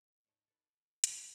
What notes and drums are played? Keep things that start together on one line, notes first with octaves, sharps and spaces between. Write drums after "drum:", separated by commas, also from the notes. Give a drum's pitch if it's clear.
G#2 F3 D#4 C#5
D#4 A4 B4
D#3
C5 A#5, drum: hi-hat